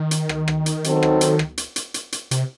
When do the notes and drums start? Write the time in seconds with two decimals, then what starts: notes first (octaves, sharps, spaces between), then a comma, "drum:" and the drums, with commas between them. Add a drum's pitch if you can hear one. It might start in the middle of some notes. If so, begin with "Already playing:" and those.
Already playing: D#3
0.11 drum: hi-hat
0.29 drum: rim click
0.48 drum: rim click
0.66 drum: hi-hat
0.84 F#3 C4 D#4 F#4 A4, drum: hi-hat
1.03 drum: rim click
1.21 drum: hi-hat
1.39 drum: rim click
1.58 drum: hi-hat
1.76 drum: hi-hat
1.94 drum: hi-hat
2.12 drum: hi-hat
2.31 C3, drum: hi-hat